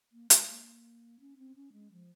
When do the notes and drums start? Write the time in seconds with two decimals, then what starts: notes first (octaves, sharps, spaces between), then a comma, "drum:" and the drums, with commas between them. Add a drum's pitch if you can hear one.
0.12 A#3
0.30 G#3, drum: hi-hat
0.48 A#3
1.20 C#4
1.38 C4
1.55 C#4
1.73 G#3
1.92 F3